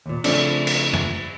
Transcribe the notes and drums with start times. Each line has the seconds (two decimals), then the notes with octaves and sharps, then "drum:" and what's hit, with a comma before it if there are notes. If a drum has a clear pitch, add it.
0.06 D#2 A#2
0.24 C#3 F3 A3 C4 D4, drum: cymbal
0.67 drum: cymbal
0.93 drum: tom F#2